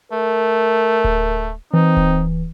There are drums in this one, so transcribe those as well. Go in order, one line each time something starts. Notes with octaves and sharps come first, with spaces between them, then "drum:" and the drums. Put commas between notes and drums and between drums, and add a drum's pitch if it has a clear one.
A3 A#4
drum: kick D1
E3 C4 D#4
drum: kick D1